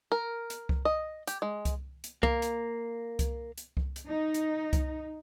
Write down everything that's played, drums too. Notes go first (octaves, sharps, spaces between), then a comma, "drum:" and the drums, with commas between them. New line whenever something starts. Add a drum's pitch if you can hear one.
A#4
drum: hi-hat
drum: kick C2
D#5
G4, drum: hi-hat
G#3
drum: kick C2, hi-hat
drum: hi-hat
A#3, drum: kick C2
drum: hi-hat
drum: kick C2, hi-hat
drum: hi-hat
drum: kick C2
drum: hi-hat
D#4
drum: hi-hat
drum: kick C2, hi-hat